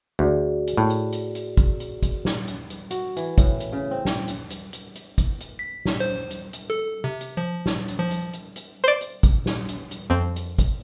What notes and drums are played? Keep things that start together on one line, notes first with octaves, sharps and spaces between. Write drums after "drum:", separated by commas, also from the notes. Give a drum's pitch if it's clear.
D2 F#4 G#4 D5
drum: hi-hat
A2
drum: hi-hat
drum: hi-hat
drum: hi-hat
drum: kick, hi-hat
drum: hi-hat
drum: kick, hi-hat
drum: snare
drum: hi-hat
drum: hi-hat
F#4, drum: hi-hat
E3, drum: hi-hat
A2, drum: kick, hi-hat
drum: hi-hat
C#3
C4
drum: snare
drum: hi-hat
drum: hi-hat
drum: hi-hat
drum: hi-hat
drum: kick, hi-hat
drum: hi-hat
B6
drum: snare
C5
drum: hi-hat
drum: hi-hat
A4
C3
drum: hi-hat
F3
drum: snare
drum: hi-hat
F3
drum: hi-hat
drum: hi-hat
drum: hi-hat
C5 D5
drum: hi-hat
drum: kick, hi-hat
drum: snare
drum: hi-hat
drum: hi-hat
F2 C4
drum: hi-hat
drum: kick, hi-hat